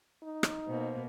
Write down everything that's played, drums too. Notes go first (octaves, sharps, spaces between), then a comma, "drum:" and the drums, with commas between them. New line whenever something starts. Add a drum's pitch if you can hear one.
D#4
drum: rim click
B2 A#3 C5